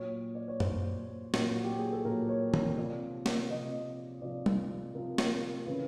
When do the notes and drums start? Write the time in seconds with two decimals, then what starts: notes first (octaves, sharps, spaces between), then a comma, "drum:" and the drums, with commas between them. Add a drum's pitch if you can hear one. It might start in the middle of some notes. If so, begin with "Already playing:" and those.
Already playing: A#2 F#3 C#5
0.35 D5
0.48 C#5
0.60 A#2 F#3 C5, drum: tom F#2
1.34 A#2 F#3, drum: snare
1.51 F#4
1.65 G4
1.79 G#4
1.93 A4
2.05 A#2 F#3 A#4
2.29 C#5
2.54 C#5, drum: tom
2.78 C3 F3 D5
3.26 drum: snare
3.50 C3 F3 D#5
4.22 C3 F3 D5
4.46 drum: tom
4.94 C3 F3 A#4
5.18 drum: snare
5.66 C#3 E3 B4